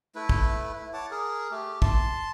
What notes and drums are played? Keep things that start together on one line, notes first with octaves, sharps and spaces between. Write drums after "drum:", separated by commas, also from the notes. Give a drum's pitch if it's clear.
A3 E4 B4
drum: kick
E4
C#5 F#5 A5 D6
G#4 A#4
A3 G4
A5 C6, drum: kick